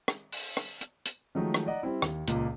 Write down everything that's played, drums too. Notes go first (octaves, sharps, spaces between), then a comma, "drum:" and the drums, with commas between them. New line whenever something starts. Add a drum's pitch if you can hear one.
drum: rim click
drum: open hi-hat
drum: rim click
drum: hi-hat
drum: hi-hat
D#3 F3 F#3 G#3 A3 D#4
drum: rim click
D5 D#5 F#5 A#5
G3 C4 E4
D#2, drum: rim click
C#2 A#2 A#3, drum: hi-hat